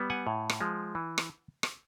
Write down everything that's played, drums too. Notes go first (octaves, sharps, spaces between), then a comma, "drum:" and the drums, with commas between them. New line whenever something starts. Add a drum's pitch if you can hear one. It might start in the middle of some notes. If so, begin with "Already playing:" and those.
Already playing: G3 B3
F#5 G#5
A2
drum: rim click
F3 G#3
E3
drum: rim click
drum: rim click